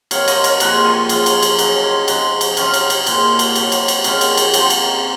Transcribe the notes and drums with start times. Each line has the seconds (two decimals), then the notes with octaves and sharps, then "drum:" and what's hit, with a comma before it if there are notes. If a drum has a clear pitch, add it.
0.11 C3 D#3 F#3 C#5 F5, drum: cymbal
0.28 C5 D#5, drum: cymbal
0.44 A#4 C#5, drum: cymbal
0.60 A#2 F3 G#3 F#4 A#4, drum: cymbal
0.85 F4 G#4
1.09 F#2 F3 G#3 F4 G#4, drum: cymbal
1.26 drum: cymbal
1.42 drum: cymbal
1.59 F#2 C#3 F#3 D#4 F#4, drum: cymbal
1.83 F4 G#4
2.08 C3 F3 G#3 D#4 F#4, drum: cymbal
2.41 drum: cymbal
2.51 D#4
2.57 C3 F#3 C#4 F4, drum: cymbal
2.74 drum: cymbal
2.90 drum: cymbal
3.07 A#2 G#3, drum: cymbal
3.39 drum: cymbal
3.56 C3 F#3, drum: cymbal
3.72 drum: cymbal
3.88 drum: cymbal
4.04 A#2 F3 G#3 A#3 C#4, drum: cymbal
4.21 drum: cymbal
4.37 drum: cymbal
4.54 C3 D#3 G#3 C4, drum: cymbal
4.70 drum: cymbal